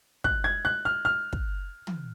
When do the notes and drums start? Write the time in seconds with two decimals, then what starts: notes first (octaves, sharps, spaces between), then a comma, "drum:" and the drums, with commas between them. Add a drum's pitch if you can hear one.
0.24 F#6, drum: kick
0.44 G#6
0.65 F#6
0.85 F6
1.05 F6
1.33 drum: kick
1.87 drum: tom